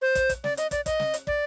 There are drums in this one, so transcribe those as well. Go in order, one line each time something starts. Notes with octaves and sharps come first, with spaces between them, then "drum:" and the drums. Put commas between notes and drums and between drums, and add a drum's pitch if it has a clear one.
C5
drum: kick, hi-hat
drum: kick, hi-hat
D5, drum: snare
D#5, drum: hi-hat
D5, drum: kick, hi-hat
D#5, drum: kick, hi-hat
drum: snare
drum: hi-hat
D5, drum: kick